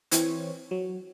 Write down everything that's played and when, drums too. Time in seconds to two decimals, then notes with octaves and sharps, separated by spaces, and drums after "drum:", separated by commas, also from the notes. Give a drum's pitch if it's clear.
0.11 E3 C4 C#5, drum: hi-hat
0.71 F#3